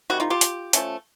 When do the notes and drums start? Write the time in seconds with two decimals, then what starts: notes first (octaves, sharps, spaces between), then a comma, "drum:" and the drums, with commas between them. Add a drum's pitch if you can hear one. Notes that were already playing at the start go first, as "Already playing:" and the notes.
0.10 C3 D#3 G3 F#4
0.20 D#4 F4
0.30 F4 G4
0.41 drum: hi-hat
0.73 F3 A3 C#4, drum: hi-hat